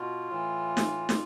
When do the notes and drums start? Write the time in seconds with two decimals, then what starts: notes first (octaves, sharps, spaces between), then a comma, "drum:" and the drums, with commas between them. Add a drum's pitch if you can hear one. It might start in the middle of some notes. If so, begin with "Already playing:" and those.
Already playing: B2 F4
0.28 A2 E3
0.77 drum: snare
1.09 A#2, drum: snare